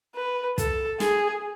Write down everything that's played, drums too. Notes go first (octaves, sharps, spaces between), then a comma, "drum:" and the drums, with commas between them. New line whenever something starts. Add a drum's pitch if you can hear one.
B4
A4, drum: kick, hi-hat
G#4, drum: snare